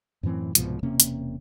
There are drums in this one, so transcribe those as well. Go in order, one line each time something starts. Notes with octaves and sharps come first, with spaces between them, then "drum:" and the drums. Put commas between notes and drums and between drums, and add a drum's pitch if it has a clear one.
F#2 A2 E3 C4
C2 G#2 B2 F3, drum: hi-hat
E1 C3 A#3 C#4
drum: hi-hat